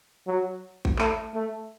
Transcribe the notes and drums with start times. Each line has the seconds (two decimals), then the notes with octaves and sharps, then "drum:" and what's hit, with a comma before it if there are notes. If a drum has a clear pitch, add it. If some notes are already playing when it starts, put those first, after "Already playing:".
0.27 F#3
0.85 drum: kick G#1
0.99 A3, drum: clap
1.34 A3